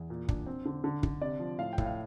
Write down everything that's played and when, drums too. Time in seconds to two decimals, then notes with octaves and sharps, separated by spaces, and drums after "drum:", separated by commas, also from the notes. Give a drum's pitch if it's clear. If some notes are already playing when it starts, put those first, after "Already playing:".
Already playing: E2
0.10 A#2
0.29 D4, drum: kick
0.46 C4
0.65 D3
0.84 D3
1.03 D3, drum: kick
1.22 C3 D5
1.40 F3
1.59 A2 F5
1.73 G5
1.78 A2, drum: kick
1.86 F5